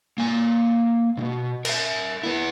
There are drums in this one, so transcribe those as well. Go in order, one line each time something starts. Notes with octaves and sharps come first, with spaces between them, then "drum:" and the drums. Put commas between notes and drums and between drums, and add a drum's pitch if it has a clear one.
A#3 G#5
B1 B2
A#4 E5, drum: cymbal
B3 E4